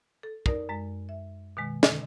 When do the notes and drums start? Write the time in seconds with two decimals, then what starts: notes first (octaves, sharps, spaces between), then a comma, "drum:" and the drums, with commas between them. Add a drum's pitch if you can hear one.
0.23 A4
0.46 D#4 A#4 D5, drum: kick
0.69 F#2 G#3
1.09 E5
1.57 B2 D#3 G#3
1.83 D3, drum: snare